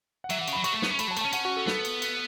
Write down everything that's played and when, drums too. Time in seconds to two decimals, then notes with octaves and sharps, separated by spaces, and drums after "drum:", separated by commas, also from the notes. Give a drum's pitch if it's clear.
0.24 F#5
0.30 F#3 E5, drum: cymbal
0.38 E3 F#5
0.48 C#3, drum: cymbal
0.53 F#3 B5
0.64 F#3 C#6, drum: cymbal
0.73 A3
0.82 B3, drum: snare
0.90 C#4
0.99 A3 B5, drum: cymbal
1.07 F#3 A5
1.17 A3, drum: cymbal
1.21 C#4 A5
1.33 C#4 F#5, drum: cymbal
1.45 F#4
1.57 A4
1.67 B3 A4, drum: snare
1.85 drum: cymbal
2.02 drum: cymbal